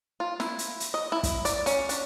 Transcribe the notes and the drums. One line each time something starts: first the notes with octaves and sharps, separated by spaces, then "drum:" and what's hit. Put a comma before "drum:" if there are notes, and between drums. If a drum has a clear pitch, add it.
F4
E4, drum: snare
drum: hi-hat
drum: hi-hat
D#5
E4
drum: kick, hi-hat
D5, drum: hi-hat
C#4, drum: hi-hat
D4, drum: hi-hat